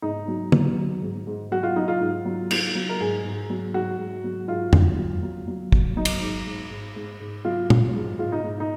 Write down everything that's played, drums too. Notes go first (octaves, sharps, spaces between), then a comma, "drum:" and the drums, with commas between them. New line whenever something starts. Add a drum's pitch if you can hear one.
G#2 D#4
F#3
F#3, drum: tom
F#3
G#2
G#2
F#3 F#4
F4
F#3 D#4
F4
G#2
F#3
F#3, drum: cymbal
F#3
A#4
G#2 G#4
G#2
F#3
G#2 F#4
G#2
F#3
G#2 F4
F#3, drum: tom F2
F#3
F#3
F#3
F#3, drum: kick
F#3 D#4
drum: cymbal
G#2
G#2
G#2
G#2
G#2
F#3 F4
F#3, drum: tom A#2
G#2
G#2 F4
D#4
G#2
D#4